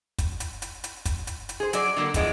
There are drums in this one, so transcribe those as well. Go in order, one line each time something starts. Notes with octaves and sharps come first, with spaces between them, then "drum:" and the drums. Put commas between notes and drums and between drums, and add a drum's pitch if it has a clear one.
drum: kick, hi-hat
drum: hi-hat
drum: hi-hat
drum: hi-hat
drum: kick, hi-hat
drum: hi-hat
drum: hi-hat
G#4 C5
F#3 D5, drum: hi-hat
D3 F#3 A#3
E3 F3 G#3 B3 D5, drum: kick, hi-hat